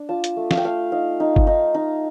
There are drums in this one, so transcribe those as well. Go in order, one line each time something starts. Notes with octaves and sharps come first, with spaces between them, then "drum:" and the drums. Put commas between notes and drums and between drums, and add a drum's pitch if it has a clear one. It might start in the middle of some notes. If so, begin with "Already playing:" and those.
Already playing: D4
F4 A5
drum: hi-hat
A3
F5, drum: snare
G5
A3 F5
D#4 F5
D#4
drum: kick G1
D#4
D#4